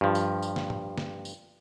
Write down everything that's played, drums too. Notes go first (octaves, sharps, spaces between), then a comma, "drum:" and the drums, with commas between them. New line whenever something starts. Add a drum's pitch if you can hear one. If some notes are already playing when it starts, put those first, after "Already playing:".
G2 F3
drum: tambourine
drum: tambourine
drum: snare
drum: tom
drum: snare
drum: tambourine